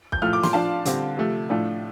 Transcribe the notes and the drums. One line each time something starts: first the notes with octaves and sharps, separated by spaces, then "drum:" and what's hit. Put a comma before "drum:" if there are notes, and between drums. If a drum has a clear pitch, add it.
G6, drum: kick
A2 F3 A3 F4 F6
D6
C6, drum: snare
F3 D4 F4 F5 A5
D3 G3 C4 F4, drum: hi-hat
C3 F3 A3
A2 F3 A3 D4 F4